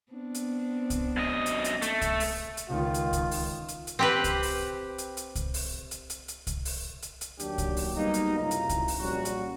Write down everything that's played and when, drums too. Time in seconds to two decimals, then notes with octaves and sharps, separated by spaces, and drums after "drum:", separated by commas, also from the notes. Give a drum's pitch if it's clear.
0.12 B3 C4 D4
0.34 drum: hi-hat
0.90 drum: kick C2, hi-hat
1.17 F#2 D#5
1.46 drum: hi-hat
1.64 drum: hi-hat
1.82 A3, drum: hi-hat
2.01 drum: kick C2, hi-hat
2.20 drum: open hi-hat
2.57 drum: hi-hat
2.69 C#2 D#3 F4
2.94 drum: hi-hat
3.13 drum: kick C2, hi-hat
3.31 drum: open hi-hat
3.68 drum: hi-hat
3.87 drum: hi-hat
3.99 C4 G4 B4
4.24 drum: kick C2, hi-hat
4.43 drum: open hi-hat
4.98 drum: hi-hat
5.17 drum: hi-hat
5.35 drum: kick C2, hi-hat
5.54 drum: open hi-hat
5.91 drum: hi-hat
6.10 drum: hi-hat
6.28 drum: hi-hat
6.47 drum: kick C2, hi-hat
6.65 drum: open hi-hat
7.02 drum: hi-hat
7.21 drum: hi-hat
7.39 D#2 F#3 D4 G4, drum: hi-hat
7.58 drum: kick C2, hi-hat
7.77 drum: open hi-hat
7.95 F#3 G3 A#3 B3 D#4
8.14 drum: hi-hat
8.38 C2 F#2 C#3 E4 F4 A#5
8.51 drum: hi-hat
8.69 drum: kick C2, hi-hat
8.88 drum: open hi-hat
8.99 A#1 G3 C#4 F#4
9.25 drum: hi-hat